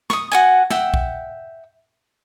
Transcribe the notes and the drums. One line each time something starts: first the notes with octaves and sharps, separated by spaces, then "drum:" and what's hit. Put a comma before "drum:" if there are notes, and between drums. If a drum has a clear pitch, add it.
C#6 D#6, drum: snare
F#4 F#5 G#5
E5 F#5 G5, drum: snare
drum: kick B1